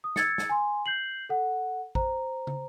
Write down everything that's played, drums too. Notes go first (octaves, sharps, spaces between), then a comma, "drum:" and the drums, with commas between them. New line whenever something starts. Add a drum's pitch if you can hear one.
D#6
E6 G#6 A6 C#7, drum: snare
drum: snare
G#5 C6
G6 C7 F#7
A4 F#5
C5 A#5, drum: kick
drum: tom